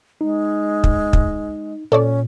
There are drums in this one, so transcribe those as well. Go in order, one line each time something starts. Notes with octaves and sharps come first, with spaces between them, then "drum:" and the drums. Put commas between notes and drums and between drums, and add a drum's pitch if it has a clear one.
G#3 D#4
drum: kick
drum: kick
A#2 C#4 A4 C#5 D5